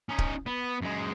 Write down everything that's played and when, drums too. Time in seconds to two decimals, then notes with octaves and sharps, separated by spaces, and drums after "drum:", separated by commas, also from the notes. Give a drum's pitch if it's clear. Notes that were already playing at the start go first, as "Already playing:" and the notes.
0.09 C#4 D#4
0.18 drum: kick D1
0.46 B3
0.82 F#2 G#3